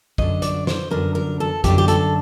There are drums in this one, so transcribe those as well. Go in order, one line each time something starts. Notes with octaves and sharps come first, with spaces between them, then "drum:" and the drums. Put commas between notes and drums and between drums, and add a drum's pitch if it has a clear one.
F#2 D3 D#5, drum: kick A1
D5, drum: hi-hat
C5, drum: snare
F#2 D3 A#4
A#4
A4
F#2 D3 G4, drum: kick A1, hi-hat
G4
A4, drum: hi-hat